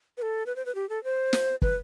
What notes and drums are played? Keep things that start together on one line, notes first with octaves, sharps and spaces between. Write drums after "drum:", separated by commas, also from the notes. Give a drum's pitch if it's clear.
B4
A4
B4
C5
B4
G4
A4
C5
drum: snare
B4, drum: kick